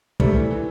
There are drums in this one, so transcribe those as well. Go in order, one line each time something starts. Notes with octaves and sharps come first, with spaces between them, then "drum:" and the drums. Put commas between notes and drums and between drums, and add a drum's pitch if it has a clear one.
C3 G3 A3, drum: kick
E3
E3